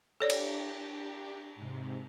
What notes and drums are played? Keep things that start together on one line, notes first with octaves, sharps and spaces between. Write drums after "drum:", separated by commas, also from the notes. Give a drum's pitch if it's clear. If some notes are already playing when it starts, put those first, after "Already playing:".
D4 G4 A4 C#5 D5
drum: cymbal
G#2 C3